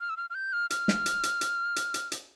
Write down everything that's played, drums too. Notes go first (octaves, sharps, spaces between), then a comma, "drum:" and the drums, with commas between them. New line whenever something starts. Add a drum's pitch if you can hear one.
F6
E6
F6
F6
G6
F6
F6, drum: hi-hat
drum: snare
drum: hi-hat
drum: hi-hat
drum: hi-hat
drum: hi-hat
drum: hi-hat
drum: hi-hat